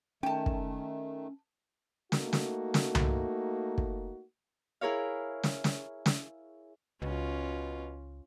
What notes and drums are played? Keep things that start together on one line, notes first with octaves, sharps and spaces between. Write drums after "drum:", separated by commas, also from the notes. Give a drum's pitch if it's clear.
D#3 A3 C#4 G5 A5
drum: kick
A3 A#3 D#4 F#4, drum: snare
drum: snare
drum: snare
drum: tom C2
drum: kick
E4 G#4 A#4 C#5 F5
drum: snare
drum: snare
drum: snare
C#2 B2 C#4 F4